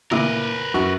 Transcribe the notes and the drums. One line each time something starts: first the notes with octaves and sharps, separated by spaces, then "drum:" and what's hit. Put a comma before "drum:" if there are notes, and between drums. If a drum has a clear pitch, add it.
A#2 E4 A#4 B4 D6, drum: tom C#3
F#2 F#4